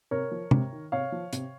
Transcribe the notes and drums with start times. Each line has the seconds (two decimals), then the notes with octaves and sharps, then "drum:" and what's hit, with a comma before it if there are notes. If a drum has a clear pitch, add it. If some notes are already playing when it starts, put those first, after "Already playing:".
0.11 C3 A#4 C#5
0.31 F3
0.51 C3, drum: tom C3
0.72 D#3
0.92 C3 C#5 F5
1.12 F3
1.33 C3, drum: hi-hat